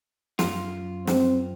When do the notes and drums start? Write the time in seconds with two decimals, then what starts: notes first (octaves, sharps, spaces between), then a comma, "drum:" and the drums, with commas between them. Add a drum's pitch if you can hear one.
0.39 F#2 F4, drum: snare
1.07 C4, drum: snare